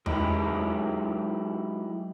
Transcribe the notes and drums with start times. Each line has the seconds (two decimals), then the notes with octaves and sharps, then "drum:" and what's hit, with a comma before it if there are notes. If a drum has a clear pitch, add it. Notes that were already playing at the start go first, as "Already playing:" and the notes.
0.06 F#3 G#3 D#4 E4 G4, drum: tom E2